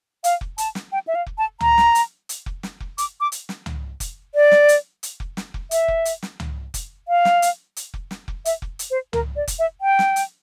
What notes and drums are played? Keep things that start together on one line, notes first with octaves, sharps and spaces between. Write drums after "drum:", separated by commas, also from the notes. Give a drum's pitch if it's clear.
F5, drum: hi-hat
drum: kick F1
A5, drum: hi-hat
drum: snare
G5
E5
F5
drum: kick F1
A5
A#5, drum: tom
drum: snare
drum: hi-hat
drum: hi-hat
drum: kick F1
drum: snare
drum: kick F1
D6, drum: hi-hat
D6
drum: hi-hat
drum: snare
drum: tom
drum: kick F1, hi-hat
D5
drum: snare
drum: hi-hat
drum: hi-hat
drum: kick F1
drum: snare
drum: kick F1
E5, drum: hi-hat
drum: kick F1
drum: hi-hat
drum: snare
drum: tom
drum: kick F1, hi-hat
F5
drum: snare
drum: hi-hat
drum: hi-hat
drum: kick F1
drum: snare
drum: kick F1
E5, drum: hi-hat
drum: kick F1
drum: hi-hat
C5
A#4, drum: tom
D5
drum: kick F1, hi-hat
E5
G5
drum: snare
drum: hi-hat